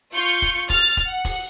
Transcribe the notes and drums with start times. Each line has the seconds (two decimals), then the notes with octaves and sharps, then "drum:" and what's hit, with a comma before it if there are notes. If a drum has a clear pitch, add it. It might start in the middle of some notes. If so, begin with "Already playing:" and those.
0.14 F4 C#6 G6 C#7
0.42 drum: kick E1, hi-hat
0.70 F6 A6, drum: kick E1, open hi-hat
0.97 drum: kick E1, hi-hat
1.07 F#5
1.25 drum: kick E1, open hi-hat